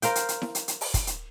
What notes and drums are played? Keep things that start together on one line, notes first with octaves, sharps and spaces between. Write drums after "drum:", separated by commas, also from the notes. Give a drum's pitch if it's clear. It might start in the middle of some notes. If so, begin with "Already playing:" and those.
A#4 C5 F5 G5, drum: hi-hat
drum: hi-hat
drum: hi-hat
drum: snare E4
drum: hi-hat
drum: hi-hat
drum: open hi-hat
drum: kick, hi-hat
drum: hi-hat